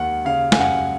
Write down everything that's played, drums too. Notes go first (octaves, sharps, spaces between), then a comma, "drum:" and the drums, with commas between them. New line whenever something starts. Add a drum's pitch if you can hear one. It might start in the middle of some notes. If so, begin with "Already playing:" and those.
Already playing: D#2 D#3 F#5
C#3 F5
G#5, drum: snare
F#2 F#5